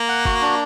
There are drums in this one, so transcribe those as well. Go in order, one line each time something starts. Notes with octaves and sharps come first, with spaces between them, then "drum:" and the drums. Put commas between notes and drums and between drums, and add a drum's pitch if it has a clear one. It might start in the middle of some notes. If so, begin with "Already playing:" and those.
Already playing: A#3
F#5
F#4, drum: kick G1
D4